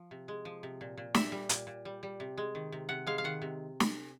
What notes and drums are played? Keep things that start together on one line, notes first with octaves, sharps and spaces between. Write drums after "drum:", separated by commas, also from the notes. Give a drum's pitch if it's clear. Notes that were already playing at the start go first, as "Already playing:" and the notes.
Already playing: F3
C3
G#3
F3
C3
A#2
A#2
G3 E5, drum: snare
G3
A#2, drum: hi-hat
A#2
G3
G3
C3
G#3
D#3
C3
C3 F#5
G#3 F5
F5
D#3 F#5
C3
drum: snare